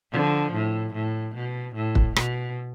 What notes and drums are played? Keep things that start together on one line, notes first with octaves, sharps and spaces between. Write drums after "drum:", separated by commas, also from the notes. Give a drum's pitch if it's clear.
D3 F3
A2
A2
B2
A2
drum: kick
B2, drum: rim click